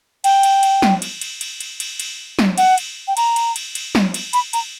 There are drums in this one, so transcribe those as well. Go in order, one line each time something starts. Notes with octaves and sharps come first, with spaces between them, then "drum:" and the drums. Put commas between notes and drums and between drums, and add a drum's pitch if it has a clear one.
G5, drum: cymbal
drum: cymbal
drum: cymbal
drum: snare
drum: cymbal
drum: cymbal
drum: cymbal
drum: cymbal
drum: cymbal
drum: cymbal
drum: snare
F#5, drum: cymbal
drum: cymbal
G5
A#5, drum: cymbal
drum: cymbal
drum: cymbal
drum: cymbal
drum: snare
drum: cymbal
B5, drum: cymbal
A#5, drum: cymbal